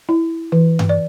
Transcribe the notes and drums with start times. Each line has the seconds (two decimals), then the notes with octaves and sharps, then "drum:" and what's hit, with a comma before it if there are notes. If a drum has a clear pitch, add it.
0.09 E4
0.52 E3
0.79 drum: tom G2
0.89 D5